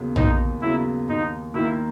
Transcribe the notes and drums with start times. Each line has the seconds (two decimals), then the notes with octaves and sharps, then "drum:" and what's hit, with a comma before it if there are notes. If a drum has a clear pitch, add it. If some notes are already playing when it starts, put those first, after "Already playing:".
Already playing: D#2 C#3 F#3 B3
0.16 D#2 D#4, drum: tom A#1
0.61 C#3 F#3 B3 E4
1.08 D#2 D#4
1.54 D#3 A#3 E4